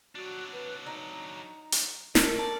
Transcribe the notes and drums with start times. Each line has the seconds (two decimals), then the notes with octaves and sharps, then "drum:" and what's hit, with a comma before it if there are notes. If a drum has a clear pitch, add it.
0.15 F#3 D4 F#4
0.52 B4
0.86 D#4 A#5
1.72 drum: hi-hat
2.15 A3 A#3 D#4 A#4, drum: snare
2.36 A3 D5 A5